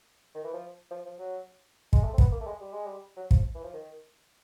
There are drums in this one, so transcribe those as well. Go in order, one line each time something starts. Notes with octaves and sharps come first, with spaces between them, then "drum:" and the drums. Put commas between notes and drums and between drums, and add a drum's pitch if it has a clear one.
D#3
E3
F3
F3
F3
F#3
G#3, drum: kick
A3
C4
B3, drum: kick
A#3
A3
G#3
G3
G#3
G3
F#3
F3, drum: kick
E3
F3
D#3